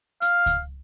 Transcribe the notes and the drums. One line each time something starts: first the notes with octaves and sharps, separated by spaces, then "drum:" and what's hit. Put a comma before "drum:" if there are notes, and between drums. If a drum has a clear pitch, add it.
F5, drum: hi-hat
drum: kick C#2, hi-hat